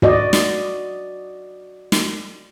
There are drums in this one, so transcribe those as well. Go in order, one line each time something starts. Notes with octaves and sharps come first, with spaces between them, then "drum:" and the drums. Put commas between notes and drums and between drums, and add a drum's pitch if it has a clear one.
F#4 D5 D#5, drum: kick
drum: snare
drum: snare